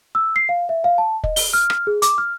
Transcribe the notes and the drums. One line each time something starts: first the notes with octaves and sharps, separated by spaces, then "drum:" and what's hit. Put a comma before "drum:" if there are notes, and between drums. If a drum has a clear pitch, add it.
E6
C7
F5
E5
F5
A5
D#5, drum: kick
G7, drum: open hi-hat
F6
drum: rim click
G#4
D6, drum: hi-hat
F6